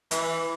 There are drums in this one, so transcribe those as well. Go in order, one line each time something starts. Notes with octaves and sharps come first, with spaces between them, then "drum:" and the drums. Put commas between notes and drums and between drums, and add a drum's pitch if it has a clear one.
E3, drum: hi-hat